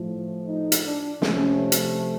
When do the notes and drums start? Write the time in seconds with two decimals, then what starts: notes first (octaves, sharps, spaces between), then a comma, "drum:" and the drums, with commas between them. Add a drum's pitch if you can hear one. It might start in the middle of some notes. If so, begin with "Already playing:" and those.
Already playing: A2 F3 A3
0.47 D#4
0.72 drum: hi-hat
0.85 D4
1.22 C3 F3 A3 C#4, drum: snare
1.72 drum: hi-hat